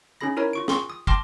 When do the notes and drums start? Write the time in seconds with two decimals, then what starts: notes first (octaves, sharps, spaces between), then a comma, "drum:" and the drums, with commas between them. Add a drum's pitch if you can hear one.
0.21 C#4 D#4 G#4 B5 A#6
0.36 D#4 E4 A#4 C#5 A#5
0.53 F4 C#6 D7
0.68 G#4 C6 C#6, drum: snare
0.90 D#6
1.07 G5 A5 C6 D6 F6 A#6, drum: kick